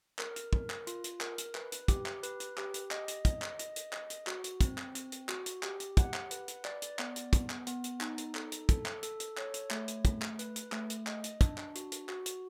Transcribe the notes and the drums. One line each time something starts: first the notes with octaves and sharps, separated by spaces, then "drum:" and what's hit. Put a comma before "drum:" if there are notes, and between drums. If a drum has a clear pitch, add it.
A#4, drum: clap
drum: hi-hat
A#4, drum: kick
drum: clap
F4, drum: hi-hat
drum: hi-hat
A#4, drum: clap
drum: hi-hat
B4, drum: clap
drum: hi-hat
G4, drum: kick, hi-hat
drum: clap
B4, drum: hi-hat
drum: hi-hat
G4, drum: clap
drum: hi-hat
D#5, drum: clap
drum: hi-hat
D#5, drum: kick, hi-hat
drum: clap
D#5, drum: hi-hat
drum: hi-hat
D#5, drum: clap
drum: hi-hat
F#4, drum: clap
drum: hi-hat
C4, drum: kick, hi-hat
drum: clap
C4, drum: hi-hat
drum: hi-hat
F#4, drum: clap
drum: hi-hat
G4, drum: clap
drum: hi-hat
F#5, drum: kick, hi-hat
drum: clap
B4, drum: hi-hat
drum: hi-hat
D5, drum: clap
drum: hi-hat
B3, drum: clap
drum: hi-hat
B3, drum: kick, hi-hat
drum: clap
B3, drum: hi-hat
drum: hi-hat
D#4, drum: clap
drum: hi-hat
A4, drum: clap
drum: hi-hat
A4, drum: kick, hi-hat
drum: clap
A4, drum: hi-hat
drum: hi-hat
C#5, drum: clap
drum: hi-hat
A3, drum: clap
drum: hi-hat
A3, drum: kick, hi-hat
drum: clap
B4, drum: hi-hat
drum: hi-hat
A3, drum: clap
drum: hi-hat
D#5, drum: clap
drum: hi-hat
D4, drum: kick, hi-hat
drum: clap
F#4, drum: hi-hat
drum: hi-hat
F#4, drum: clap
drum: hi-hat